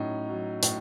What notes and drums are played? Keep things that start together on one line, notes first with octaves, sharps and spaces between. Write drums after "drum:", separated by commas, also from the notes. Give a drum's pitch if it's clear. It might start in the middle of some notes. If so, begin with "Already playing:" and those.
Already playing: A2 F#3 C#4 D#4
F#3
A2, drum: hi-hat